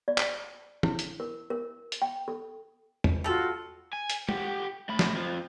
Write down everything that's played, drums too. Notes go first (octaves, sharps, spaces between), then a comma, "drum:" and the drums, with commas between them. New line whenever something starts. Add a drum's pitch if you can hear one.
D5
drum: clap
E4, drum: tom
drum: hi-hat
A#4
A#4
drum: hi-hat
G5
A4
drum: tom
G3 F4 F#4 A4
G#5
drum: hi-hat
G4 F#5, drum: tom
A3 B5
drum: snare
F2 F3